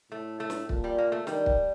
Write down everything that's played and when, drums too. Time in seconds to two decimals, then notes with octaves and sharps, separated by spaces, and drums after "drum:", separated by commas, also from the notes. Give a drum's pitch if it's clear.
0.12 A2 A3
0.40 A3
0.50 drum: snare
0.69 A#2, drum: kick
0.84 G3
0.98 A#3
1.12 A3
1.27 D#3 G3, drum: snare
1.46 drum: kick